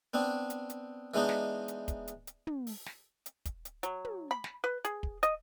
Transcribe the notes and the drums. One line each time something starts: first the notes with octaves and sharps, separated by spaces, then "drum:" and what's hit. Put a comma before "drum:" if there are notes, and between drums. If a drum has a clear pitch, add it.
B3 C4 D4
drum: hi-hat
drum: hi-hat
E3 G#3 B3 D4 D#4
drum: snare
drum: hi-hat
drum: kick, hi-hat
drum: hi-hat
drum: hi-hat
drum: tom
drum: open hi-hat
drum: snare
drum: hi-hat
drum: kick, hi-hat
drum: hi-hat
F#3, drum: hi-hat
drum: tom
B5
drum: snare
B4
G#4, drum: hi-hat
drum: kick
D#5, drum: hi-hat